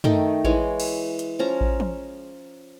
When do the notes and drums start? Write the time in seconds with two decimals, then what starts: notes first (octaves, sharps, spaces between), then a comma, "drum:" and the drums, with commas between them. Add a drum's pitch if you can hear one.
0.04 D#3 A3 D#4 G5, drum: tom
0.44 E3 G#3 C#5, drum: kick A1
0.80 drum: cymbal
1.19 drum: hi-hat
1.39 F3 C#4 A#5
1.61 drum: kick A1
1.80 drum: tom